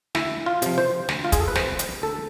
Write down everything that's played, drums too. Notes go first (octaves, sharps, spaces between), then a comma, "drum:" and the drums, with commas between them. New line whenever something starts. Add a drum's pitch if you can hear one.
D2 E4, drum: snare
F4
C3 F3, drum: hi-hat
C5
D2, drum: snare
F4
G#4, drum: kick, hi-hat
A4
B4
C3 F3 C5, drum: snare
drum: hi-hat
D2 A4